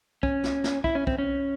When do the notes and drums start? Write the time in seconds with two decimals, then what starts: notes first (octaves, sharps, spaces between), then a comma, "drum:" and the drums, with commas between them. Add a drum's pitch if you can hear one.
0.23 C#4, drum: kick
0.43 drum: snare
0.64 drum: snare
0.84 E4, drum: kick
0.95 C#4
1.07 C4, drum: kick
1.18 C#4